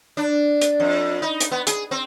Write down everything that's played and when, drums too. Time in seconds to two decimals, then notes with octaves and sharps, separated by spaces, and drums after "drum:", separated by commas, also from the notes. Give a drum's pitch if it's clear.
0.17 D4
0.61 drum: hi-hat
0.80 F2
1.22 D#4
1.41 drum: hi-hat
1.51 B3
1.67 G#4, drum: hi-hat
1.91 C4